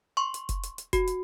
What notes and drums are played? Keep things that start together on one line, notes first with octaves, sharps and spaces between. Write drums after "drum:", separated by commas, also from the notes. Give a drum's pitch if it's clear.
C6 C#6
drum: hi-hat
drum: kick F1, hi-hat
drum: hi-hat
drum: hi-hat
F#4, drum: kick F1, hi-hat
drum: hi-hat